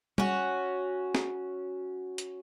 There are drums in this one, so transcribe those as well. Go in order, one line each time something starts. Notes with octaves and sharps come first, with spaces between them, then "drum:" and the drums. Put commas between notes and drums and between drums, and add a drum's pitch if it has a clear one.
C#4 F#4, drum: tom
drum: snare
drum: hi-hat